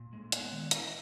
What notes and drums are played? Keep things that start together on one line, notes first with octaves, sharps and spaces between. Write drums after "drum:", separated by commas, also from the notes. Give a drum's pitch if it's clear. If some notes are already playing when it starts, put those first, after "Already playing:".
Already playing: A#2
G#3
B3, drum: hi-hat
D#3
E4 B4 D#5, drum: hi-hat